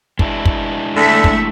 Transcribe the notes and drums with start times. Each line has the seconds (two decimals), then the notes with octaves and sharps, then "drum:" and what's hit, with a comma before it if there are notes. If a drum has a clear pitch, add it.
0.19 G#3 D4 E4, drum: kick
0.45 drum: kick
0.96 D3 A3 E5
1.24 drum: kick